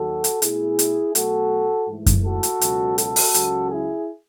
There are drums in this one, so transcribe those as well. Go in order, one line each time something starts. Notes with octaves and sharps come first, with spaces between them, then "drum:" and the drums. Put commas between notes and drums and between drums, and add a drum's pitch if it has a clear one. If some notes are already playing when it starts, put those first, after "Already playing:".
Already playing: D#2 D#3 F#3 F#4 A4
drum: hi-hat
B2 A3 E4 G#4, drum: hi-hat
drum: hi-hat
B2 F#3 A3 F#4 A4, drum: hi-hat
G#2 E3 A3
drum: kick F#2, hi-hat
F#4 A4
drum: hi-hat
C#2 B2 F#3, drum: hi-hat
F#4 A4, drum: hi-hat
drum: open hi-hat
C#2 C#3 F#3, drum: hi-hat
E4 G#4